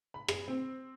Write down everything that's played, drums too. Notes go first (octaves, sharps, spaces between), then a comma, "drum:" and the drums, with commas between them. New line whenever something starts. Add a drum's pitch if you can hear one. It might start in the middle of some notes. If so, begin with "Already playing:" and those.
B5
G#4, drum: rim click
C4